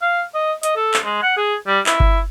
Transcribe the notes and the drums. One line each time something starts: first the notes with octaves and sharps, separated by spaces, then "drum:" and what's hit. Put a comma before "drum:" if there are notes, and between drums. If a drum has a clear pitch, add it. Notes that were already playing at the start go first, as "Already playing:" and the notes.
F5
D#5
D#5, drum: hi-hat
A4
drum: clap
G#3
F#5
G#4
G3
E4, drum: clap
drum: kick G1